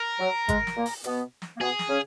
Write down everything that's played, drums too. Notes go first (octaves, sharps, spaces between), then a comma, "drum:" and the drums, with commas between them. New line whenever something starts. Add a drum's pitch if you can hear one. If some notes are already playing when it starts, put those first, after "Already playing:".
Already playing: A#4
F#3
G#3, drum: kick, hi-hat
drum: snare
A#2 A#3
drum: open hi-hat
B2 B3, drum: hi-hat
drum: snare
A#3
B2 B3 G#4
drum: snare
C#3 C#4